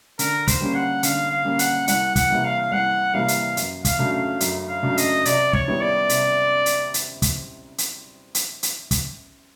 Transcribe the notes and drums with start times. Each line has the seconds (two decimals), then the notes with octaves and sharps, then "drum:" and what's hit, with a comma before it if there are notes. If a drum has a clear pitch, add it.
0.19 D3 A#4, drum: hi-hat
0.48 C5, drum: kick, hi-hat
0.61 G3 A#3 C#4
0.75 F#5
1.03 D3 F5, drum: hi-hat
1.31 F5
1.45 G3 A#3 C#4
1.59 F#5, drum: hi-hat
1.88 C2 F#5, drum: hi-hat
2.16 F#5, drum: kick, hi-hat
2.30 C3 E3 G3 A#3
2.44 F5
2.72 C2 F#5
3.14 C3 E3 G3 A#3 F5
3.28 drum: hi-hat
3.57 F#2, drum: hi-hat
3.85 F5, drum: kick, hi-hat
3.99 C#3 F#3 A3 D4
4.13 F5
4.40 F#2, drum: hi-hat
4.69 F5
4.83 C#3 F#3 A3 D4
4.97 D#5, drum: hi-hat
5.25 C3 D5, drum: hi-hat
5.53 C#5, drum: kick
5.68 D#3 G3 B3 E4
5.81 D5
6.09 C3, drum: hi-hat
6.66 drum: hi-hat
6.94 drum: hi-hat
7.22 drum: kick, hi-hat
7.78 drum: hi-hat
8.35 drum: hi-hat
8.63 drum: hi-hat
8.91 drum: kick, hi-hat